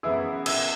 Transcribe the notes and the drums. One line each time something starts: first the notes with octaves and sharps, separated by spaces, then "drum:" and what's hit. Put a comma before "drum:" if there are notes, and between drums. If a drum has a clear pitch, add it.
F#2 E3 B3 E4 G#4 E5 E6
E5 E6, drum: cymbal